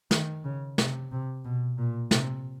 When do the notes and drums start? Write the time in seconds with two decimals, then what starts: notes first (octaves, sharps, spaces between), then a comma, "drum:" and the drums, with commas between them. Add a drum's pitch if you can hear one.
0.11 D#3, drum: snare
0.44 C#3
0.78 C3, drum: snare
1.12 C3
1.45 B2
1.78 A#2
2.11 C3, drum: snare